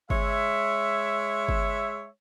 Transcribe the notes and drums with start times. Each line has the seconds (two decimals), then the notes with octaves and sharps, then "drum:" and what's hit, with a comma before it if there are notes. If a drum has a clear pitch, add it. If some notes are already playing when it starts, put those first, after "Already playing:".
0.10 G#3 C#5 E5, drum: kick G1
1.49 drum: kick G1